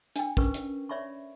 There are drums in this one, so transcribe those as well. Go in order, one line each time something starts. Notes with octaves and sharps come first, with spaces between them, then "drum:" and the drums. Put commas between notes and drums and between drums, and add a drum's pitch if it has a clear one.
D4 G5, drum: hi-hat
C#4 A#4 B4 C#6, drum: kick
drum: hi-hat
C#5 D5 E5 B5 C#6